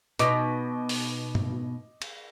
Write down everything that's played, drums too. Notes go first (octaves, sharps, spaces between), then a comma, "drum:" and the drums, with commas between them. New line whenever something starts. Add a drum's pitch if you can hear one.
B2 D#4 D#5 D6 D7, drum: hi-hat
drum: open hi-hat
drum: tom
drum: cymbal